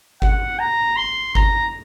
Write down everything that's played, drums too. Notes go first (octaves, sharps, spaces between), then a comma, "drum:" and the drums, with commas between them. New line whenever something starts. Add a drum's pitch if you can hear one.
F#5, drum: kick G1
A#5
C6
A#5, drum: kick G1